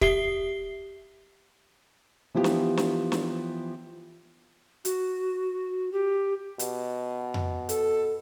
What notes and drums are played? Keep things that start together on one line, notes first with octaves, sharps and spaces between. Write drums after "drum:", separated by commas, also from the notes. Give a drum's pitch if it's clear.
G4 E5 C7 G7, drum: kick
E3 F3 B3 G4
drum: snare
drum: snare
drum: snare
F#4, drum: hi-hat
G4
B2, drum: hi-hat
drum: tom F2
A4, drum: hi-hat